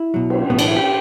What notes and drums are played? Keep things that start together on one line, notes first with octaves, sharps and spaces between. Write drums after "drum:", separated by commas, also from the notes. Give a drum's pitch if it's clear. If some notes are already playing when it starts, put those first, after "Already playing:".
Already playing: E4
B1 B2 F#3
drum: cymbal
B1 A2 E3 B3
D4, drum: cymbal
E4
G4